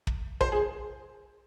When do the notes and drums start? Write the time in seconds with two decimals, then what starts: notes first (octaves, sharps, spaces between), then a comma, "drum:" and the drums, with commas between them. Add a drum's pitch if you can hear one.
0.07 drum: kick
0.41 C5, drum: kick
0.52 G#4